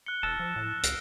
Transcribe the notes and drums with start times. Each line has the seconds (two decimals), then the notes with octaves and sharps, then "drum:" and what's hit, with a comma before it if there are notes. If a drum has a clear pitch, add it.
0.06 F#6 C#7 G7
0.23 E1 A5 E6 F6 A#6 E7
0.39 F3
0.56 A2
0.83 C#2 F6 A#6 C7 D7, drum: hi-hat